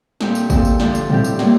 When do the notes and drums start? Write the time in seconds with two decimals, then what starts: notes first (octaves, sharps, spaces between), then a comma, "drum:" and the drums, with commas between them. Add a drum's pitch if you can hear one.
0.21 A#2 A3 C4 G4, drum: snare
0.35 drum: tambourine
0.50 A#2 A3 C4 F4 A4, drum: kick, tambourine
0.65 drum: tambourine
0.80 D3 F3 A3 D4 A4, drum: snare
0.95 drum: tambourine
1.10 A2 G3 C4 G4, drum: tom A2
1.24 drum: tambourine
1.39 A2 G3 A#3 F4, drum: snare